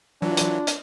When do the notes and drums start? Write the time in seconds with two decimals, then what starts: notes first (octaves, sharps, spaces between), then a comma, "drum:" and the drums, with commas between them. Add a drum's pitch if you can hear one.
0.22 E3 F#3 D4 F4
0.37 drum: hi-hat
0.67 drum: hi-hat